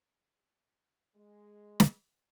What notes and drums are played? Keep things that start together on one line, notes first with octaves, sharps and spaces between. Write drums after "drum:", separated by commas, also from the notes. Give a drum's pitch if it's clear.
G#3
drum: snare